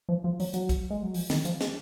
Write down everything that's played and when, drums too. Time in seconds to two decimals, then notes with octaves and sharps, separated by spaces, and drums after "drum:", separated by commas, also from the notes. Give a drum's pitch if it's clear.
0.09 F3
0.24 F3
0.40 F#3, drum: open hi-hat
0.54 F#3, drum: hi-hat
0.69 drum: kick, hi-hat
0.90 G#3
1.03 F#3
1.14 F3, drum: open hi-hat
1.30 D#3, drum: snare
1.45 F3, drum: hi-hat
1.61 G#3, drum: snare